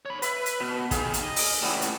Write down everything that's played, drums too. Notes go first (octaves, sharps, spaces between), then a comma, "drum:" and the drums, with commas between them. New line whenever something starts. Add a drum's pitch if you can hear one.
C#5 B5
B4 E5 B5, drum: hi-hat
drum: hi-hat
B2 B5
D#4 G4 G#4 F5 G#5, drum: kick, hi-hat
drum: hi-hat
D#5
drum: open hi-hat
C#2 A2 G3 B3 E4
drum: hi-hat